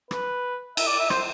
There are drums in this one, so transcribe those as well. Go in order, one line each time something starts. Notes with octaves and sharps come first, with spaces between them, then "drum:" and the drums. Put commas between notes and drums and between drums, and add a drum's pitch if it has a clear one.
B4, drum: rim click
E5, drum: cymbal
D5
E5
C5, drum: rim click